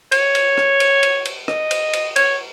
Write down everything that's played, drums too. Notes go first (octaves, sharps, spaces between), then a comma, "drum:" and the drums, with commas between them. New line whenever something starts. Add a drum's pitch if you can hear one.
C#5, drum: cymbal
drum: cymbal
drum: rim click
drum: cymbal
drum: cymbal
drum: cymbal
D#5, drum: rim click
drum: cymbal
drum: cymbal
C#5, drum: cymbal